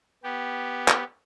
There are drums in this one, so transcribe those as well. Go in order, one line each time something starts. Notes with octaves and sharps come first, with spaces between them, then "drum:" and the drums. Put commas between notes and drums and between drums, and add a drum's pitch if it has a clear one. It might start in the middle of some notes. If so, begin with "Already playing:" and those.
B3 G4
drum: clap